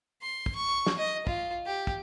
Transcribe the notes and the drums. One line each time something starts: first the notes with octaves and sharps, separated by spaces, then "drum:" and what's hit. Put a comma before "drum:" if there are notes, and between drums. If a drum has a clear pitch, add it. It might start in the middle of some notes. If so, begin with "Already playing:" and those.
C6
drum: kick
C#6
drum: snare
D#5
F4, drum: kick
G4
drum: kick